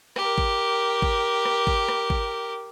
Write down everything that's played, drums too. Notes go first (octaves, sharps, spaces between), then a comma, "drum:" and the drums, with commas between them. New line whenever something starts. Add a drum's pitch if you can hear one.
G4 A#4, drum: rim click
drum: kick G#1
drum: kick G#1
drum: rim click
drum: kick G#1
drum: rim click
drum: kick G#1